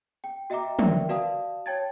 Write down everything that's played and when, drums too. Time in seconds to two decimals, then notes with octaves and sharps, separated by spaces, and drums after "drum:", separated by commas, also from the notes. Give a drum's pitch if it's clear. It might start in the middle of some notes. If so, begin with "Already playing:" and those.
0.24 G5
0.50 F#4 D#5 E5 G5 A#5 D6
0.79 A#4 B4 D5 E5 G5, drum: tom
1.09 F#4 B4 D5 F5 A5 D#6
1.66 C#5 G5 A5 G#6 A6